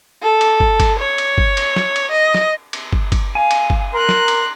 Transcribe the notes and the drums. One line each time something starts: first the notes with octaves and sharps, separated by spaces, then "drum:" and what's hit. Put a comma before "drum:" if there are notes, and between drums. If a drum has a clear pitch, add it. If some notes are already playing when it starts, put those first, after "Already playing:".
A4
drum: cymbal
drum: kick
drum: kick, cymbal
C#5
drum: cymbal
drum: kick
drum: cymbal
drum: snare
drum: cymbal
D#5
drum: snare
drum: cymbal
drum: kick
drum: kick, cymbal
F5 G#5
drum: cymbal
drum: kick
A#4 A#5 C6 F#6
drum: snare
drum: cymbal